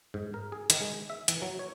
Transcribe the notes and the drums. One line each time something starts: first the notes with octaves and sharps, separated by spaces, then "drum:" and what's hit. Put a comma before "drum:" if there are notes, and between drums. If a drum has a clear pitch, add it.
G#2
A#4
G#4
D#3, drum: hi-hat
G#3
E5
E3, drum: hi-hat
F#3
C#5